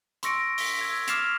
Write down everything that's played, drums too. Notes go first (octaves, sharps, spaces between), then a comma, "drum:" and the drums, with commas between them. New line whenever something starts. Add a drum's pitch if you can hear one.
C6 C#6 E6 A#6 C#7 D7, drum: hi-hat
B6 G7, drum: open hi-hat
E6 G#6
D6 F6 A6 C7 E7 F7, drum: hi-hat